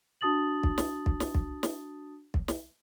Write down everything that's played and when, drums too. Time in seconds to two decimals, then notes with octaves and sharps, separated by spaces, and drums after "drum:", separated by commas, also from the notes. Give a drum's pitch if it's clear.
0.21 D4 F#4 A5 D#6 A6 F#7
0.63 drum: kick
0.78 drum: snare
1.06 drum: kick
1.20 drum: snare
1.34 drum: kick
1.63 drum: snare
2.34 drum: kick
2.48 drum: snare